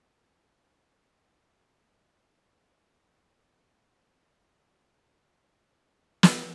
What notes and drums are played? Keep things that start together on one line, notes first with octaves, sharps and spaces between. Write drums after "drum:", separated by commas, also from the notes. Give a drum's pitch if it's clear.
F5
D#4
F5
G#5
F6
C#3 D4
A#2
C#3 G#3 F#4 B5 C#6
drum: snare